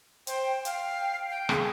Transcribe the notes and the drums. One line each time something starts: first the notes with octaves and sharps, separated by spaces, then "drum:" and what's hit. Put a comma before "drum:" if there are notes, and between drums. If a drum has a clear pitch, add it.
C5 G5, drum: hi-hat
F5 G5, drum: hi-hat
G5
G#4, drum: rim click